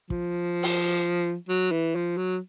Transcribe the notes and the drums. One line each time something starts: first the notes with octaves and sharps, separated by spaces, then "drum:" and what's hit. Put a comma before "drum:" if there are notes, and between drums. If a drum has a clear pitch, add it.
F3, drum: kick
drum: open hi-hat
F#3
E3
F3
F#3